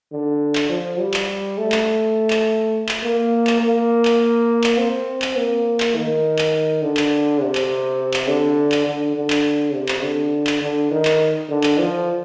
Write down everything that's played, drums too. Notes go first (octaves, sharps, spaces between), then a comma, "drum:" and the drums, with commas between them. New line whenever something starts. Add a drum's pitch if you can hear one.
D3
drum: clap
F3
G3
drum: clap
A3
drum: clap
drum: clap
drum: clap
A#3
drum: clap
A#3
drum: clap
drum: clap
C4
drum: clap
A#3
drum: clap
D#3
drum: clap
D3
drum: clap
C3
drum: clap
drum: clap
D3
drum: clap
D3
D3
drum: clap
C3
drum: clap
D3
drum: clap
D3
D#3
drum: clap
D3
drum: clap
F3